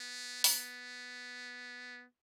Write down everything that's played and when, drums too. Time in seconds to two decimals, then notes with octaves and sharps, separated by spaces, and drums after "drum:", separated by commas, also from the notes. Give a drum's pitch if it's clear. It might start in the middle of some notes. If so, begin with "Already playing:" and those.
Already playing: B3
0.44 B3, drum: open hi-hat